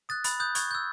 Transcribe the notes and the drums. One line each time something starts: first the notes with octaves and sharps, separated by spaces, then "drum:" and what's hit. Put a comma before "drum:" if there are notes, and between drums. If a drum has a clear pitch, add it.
D#6 F#6 A6
B5 A6, drum: hi-hat
D#6 F#6 G6
C#6 G#6, drum: hi-hat
E6 G6